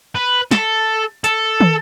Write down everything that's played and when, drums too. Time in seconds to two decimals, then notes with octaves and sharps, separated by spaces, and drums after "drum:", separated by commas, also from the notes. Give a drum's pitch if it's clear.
0.15 B4
0.51 A4, drum: snare
1.24 A4, drum: hi-hat
1.60 drum: tom